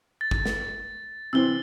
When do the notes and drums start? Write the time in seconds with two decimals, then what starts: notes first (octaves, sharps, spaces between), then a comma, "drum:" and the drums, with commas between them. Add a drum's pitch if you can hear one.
0.21 A6
0.31 drum: kick
0.45 drum: snare
1.33 C3 E3 C4 E6 G7